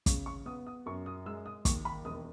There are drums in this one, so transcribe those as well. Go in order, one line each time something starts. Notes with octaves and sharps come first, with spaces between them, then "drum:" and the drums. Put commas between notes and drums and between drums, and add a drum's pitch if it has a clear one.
C#3 C#6, drum: kick, hi-hat
C#6
B3 D#6
D#6
F#2 C#6
D#6
G#3 E6
D#6
D#2 C#6, drum: kick, hi-hat
B5
E1 D#6